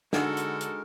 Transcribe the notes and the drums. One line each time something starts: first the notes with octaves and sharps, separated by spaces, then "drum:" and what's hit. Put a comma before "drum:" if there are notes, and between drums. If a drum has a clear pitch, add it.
D3 G#3 D4 D#4 F#4 A4 A#4 F#5, drum: snare
drum: hi-hat
drum: hi-hat